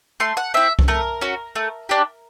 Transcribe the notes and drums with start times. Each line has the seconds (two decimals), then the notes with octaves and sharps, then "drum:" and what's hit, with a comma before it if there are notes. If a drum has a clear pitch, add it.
0.20 A3 C6
0.37 F#5
0.54 C4 E4 E5
0.79 drum: kick C2
0.88 A3 A#4
1.21 C#4 F#4
1.55 A3
1.89 D4 G4